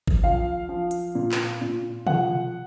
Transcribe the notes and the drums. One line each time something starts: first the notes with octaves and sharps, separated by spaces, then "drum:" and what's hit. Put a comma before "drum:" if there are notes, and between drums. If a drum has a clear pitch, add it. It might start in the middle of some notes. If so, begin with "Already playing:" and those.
drum: kick G#1
F3 F5
F3
drum: hi-hat
A#2
drum: clap
A#2
F3 F#5, drum: tom